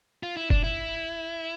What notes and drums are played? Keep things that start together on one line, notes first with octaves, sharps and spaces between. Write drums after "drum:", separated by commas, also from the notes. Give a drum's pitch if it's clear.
F4
E4
D4, drum: kick
E4